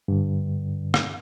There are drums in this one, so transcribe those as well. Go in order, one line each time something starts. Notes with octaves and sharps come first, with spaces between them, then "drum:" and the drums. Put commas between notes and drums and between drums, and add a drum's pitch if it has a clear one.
G2 D3
drum: rim click